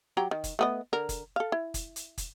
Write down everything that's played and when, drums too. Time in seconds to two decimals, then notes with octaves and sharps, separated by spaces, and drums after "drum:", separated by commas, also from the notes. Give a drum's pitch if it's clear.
0.17 F#3 G4 A#5
0.31 D#3
0.44 drum: kick, hi-hat
0.59 A3 B3 D#5
0.93 D3 A#4 A#5
1.09 drum: kick, hi-hat
1.36 A4 F5
1.52 E4
1.74 drum: kick, hi-hat
1.96 drum: hi-hat
2.18 drum: kick, hi-hat